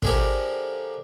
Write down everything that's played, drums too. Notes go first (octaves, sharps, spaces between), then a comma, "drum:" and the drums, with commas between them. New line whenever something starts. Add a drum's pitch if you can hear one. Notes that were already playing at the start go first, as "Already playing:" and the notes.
D3 F3 G#3 F#4 G4 A#4, drum: kick